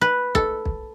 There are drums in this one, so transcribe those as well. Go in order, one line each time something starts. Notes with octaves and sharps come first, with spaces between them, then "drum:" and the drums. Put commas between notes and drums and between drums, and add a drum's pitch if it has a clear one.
B4
A4, drum: kick B1
drum: kick B1